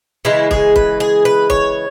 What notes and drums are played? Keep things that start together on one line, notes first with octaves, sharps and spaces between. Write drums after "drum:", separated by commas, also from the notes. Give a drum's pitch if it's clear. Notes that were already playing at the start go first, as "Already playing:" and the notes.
C#3 E3 G#3 E4
G#4, drum: kick
B4, drum: kick
G#4
B4
C#5, drum: kick